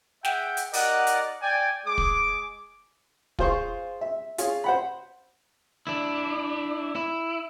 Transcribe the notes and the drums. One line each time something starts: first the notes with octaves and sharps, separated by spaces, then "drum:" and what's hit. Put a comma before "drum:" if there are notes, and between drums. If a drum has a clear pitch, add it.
G#4 E5 F#5 G5, drum: snare
drum: hi-hat
D#4 G4 A#4 D5 D#5 F#5, drum: open hi-hat
drum: hi-hat
D5 G5 G#5
G#3 G#4 D6
drum: kick
F4 G#4 C5 C6 C#6, drum: kick
E5
F4 G#4 C#5, drum: hi-hat
C5 F#5 B5
D4 E4
E4